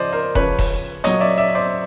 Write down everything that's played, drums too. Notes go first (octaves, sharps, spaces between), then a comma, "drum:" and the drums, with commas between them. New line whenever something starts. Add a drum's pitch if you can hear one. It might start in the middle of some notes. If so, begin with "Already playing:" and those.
Already playing: C#3 F3 C5 D5 D#5
A#4 C5
C#3 F3 B4 C#5, drum: kick E1
drum: kick E1, open hi-hat
A#2 F#3 C#5 D#5, drum: hi-hat
D5 E5
D5 E5
C5 D5